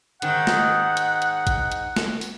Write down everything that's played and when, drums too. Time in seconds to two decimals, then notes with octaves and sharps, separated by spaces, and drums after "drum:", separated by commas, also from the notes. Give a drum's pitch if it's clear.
0.22 G#2 D#3 F#5, drum: hi-hat
0.47 drum: snare
0.97 drum: hi-hat
1.22 drum: hi-hat
1.47 drum: kick, hi-hat
1.72 drum: hi-hat
1.96 drum: snare
2.21 drum: open hi-hat